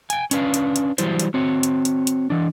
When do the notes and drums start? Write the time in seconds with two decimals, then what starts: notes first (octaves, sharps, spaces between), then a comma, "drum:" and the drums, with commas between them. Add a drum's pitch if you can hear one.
0.10 G5 G#5, drum: hi-hat
0.31 C#4 D4 B4 E5 F5, drum: hi-hat
0.54 drum: hi-hat
0.76 drum: hi-hat
0.98 E3 F#3 G3 E4 C5, drum: hi-hat
1.19 drum: hi-hat
1.34 C4 F#4 C#5
1.63 drum: hi-hat
1.85 drum: hi-hat
2.07 drum: hi-hat
2.30 E3 D4